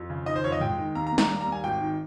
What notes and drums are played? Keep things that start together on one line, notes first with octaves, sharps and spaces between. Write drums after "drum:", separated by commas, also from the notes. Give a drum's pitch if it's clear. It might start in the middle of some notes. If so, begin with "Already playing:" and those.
Already playing: F2
C#3
D#3 D#5
C5
F2 C#5
D#5
G#3 G5, drum: tom G2
D#3
D#2 A#5
A#5
D#2
A#5, drum: snare
G3 A#5
A#5
D#2
G#5
G#1 G5
D#3